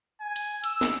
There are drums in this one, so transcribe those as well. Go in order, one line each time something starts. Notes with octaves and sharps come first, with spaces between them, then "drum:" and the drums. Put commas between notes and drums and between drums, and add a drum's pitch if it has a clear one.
G#5
drum: hi-hat
E6, drum: hi-hat
drum: snare